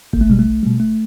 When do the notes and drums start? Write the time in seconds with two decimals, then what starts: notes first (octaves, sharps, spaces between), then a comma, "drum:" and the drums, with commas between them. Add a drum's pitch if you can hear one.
0.13 B1 A#3, drum: kick G1
0.21 A3
0.30 B2 G3 G#3
0.39 A3
0.46 B1
0.63 B2 G3
0.80 G1 A3